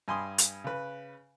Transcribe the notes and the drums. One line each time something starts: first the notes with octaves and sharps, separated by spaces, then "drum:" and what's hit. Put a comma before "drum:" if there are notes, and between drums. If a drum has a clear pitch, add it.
G2 G#5 B5 C6 D#6
drum: hi-hat
C#3 B4